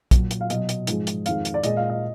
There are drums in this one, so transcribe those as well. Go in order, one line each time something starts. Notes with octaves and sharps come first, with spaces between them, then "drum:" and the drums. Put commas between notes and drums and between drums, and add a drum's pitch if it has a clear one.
A#2 F#3, drum: kick, hi-hat
drum: hi-hat
F5
B2 F#3 D#5, drum: hi-hat
drum: hi-hat
G#2 F3 G#3, drum: hi-hat
drum: hi-hat
F2 D#3 G#3 F5, drum: hi-hat
drum: hi-hat
D5
A#2 G#3 D#5, drum: hi-hat
F5
D#5